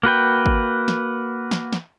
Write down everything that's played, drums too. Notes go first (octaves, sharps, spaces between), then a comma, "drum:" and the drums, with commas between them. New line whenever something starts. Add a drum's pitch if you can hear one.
A#3 F#4 B4 G5
drum: kick G#1
drum: snare
drum: snare
drum: snare